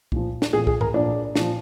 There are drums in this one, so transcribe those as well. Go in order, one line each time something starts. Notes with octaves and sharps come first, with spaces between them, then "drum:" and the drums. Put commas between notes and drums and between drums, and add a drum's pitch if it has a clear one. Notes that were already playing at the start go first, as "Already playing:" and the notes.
A#2 F3, drum: kick C2
drum: snare
A#2 F3 G#4
G#4, drum: kick C2
A#4, drum: tom G#2
A#2 F3 D4
A#2 F3, drum: snare